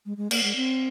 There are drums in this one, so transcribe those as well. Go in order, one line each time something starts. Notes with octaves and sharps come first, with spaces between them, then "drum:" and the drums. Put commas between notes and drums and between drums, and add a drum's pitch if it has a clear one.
G#3
G#3
A#3, drum: cymbal
G#3
C4